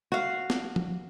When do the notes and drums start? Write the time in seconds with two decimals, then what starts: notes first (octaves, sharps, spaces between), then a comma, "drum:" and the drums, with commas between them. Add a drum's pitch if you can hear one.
0.12 F#4 F5
0.50 drum: snare
0.76 drum: tom F3